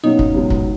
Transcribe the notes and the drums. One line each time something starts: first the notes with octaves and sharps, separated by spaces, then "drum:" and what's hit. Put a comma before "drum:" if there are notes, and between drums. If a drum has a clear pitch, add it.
B2 F#3 A#3 C#4 D#4 F#4
drum: kick
C#2 B2 F#3
drum: kick